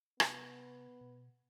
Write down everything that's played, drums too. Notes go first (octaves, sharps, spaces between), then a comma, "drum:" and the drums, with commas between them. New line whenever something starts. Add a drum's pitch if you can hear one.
C3 B3, drum: rim click
B2